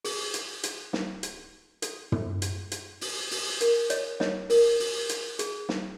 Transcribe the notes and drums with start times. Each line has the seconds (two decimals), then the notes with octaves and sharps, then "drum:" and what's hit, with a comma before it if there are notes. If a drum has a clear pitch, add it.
0.04 G#4, drum: open hi-hat
0.34 drum: hi-hat
0.63 drum: hi-hat
0.93 drum: snare
1.23 drum: hi-hat
1.82 A4, drum: hi-hat
2.12 drum: tom
2.42 drum: hi-hat
2.72 drum: hi-hat
3.01 drum: open hi-hat
3.31 drum: open hi-hat
3.61 A#4, drum: hi-hat
3.90 C#5 D#5, drum: hi-hat
4.20 C#5 D#5, drum: snare
4.50 A#4, drum: open hi-hat
4.80 drum: open hi-hat
5.09 drum: hi-hat
5.39 G#4, drum: hi-hat
5.69 drum: snare